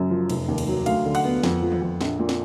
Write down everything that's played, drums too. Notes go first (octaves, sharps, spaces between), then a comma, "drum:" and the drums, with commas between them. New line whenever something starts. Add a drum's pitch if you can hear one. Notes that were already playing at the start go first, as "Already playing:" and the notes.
Already playing: F#1 F#2
F3
F1, drum: cymbal
D#2
drum: cymbal
F#3
D2 F5, drum: cymbal
D3
F#5, drum: cymbal
B3
F2, drum: snare
F3
drum: tom
F2
A#1, drum: snare
A#2
drum: snare